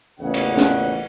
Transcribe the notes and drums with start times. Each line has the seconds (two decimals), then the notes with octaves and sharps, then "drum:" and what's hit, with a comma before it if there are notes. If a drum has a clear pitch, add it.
0.19 A1 E2 A#2 C#3 F#5
0.34 drum: cymbal
0.57 drum: snare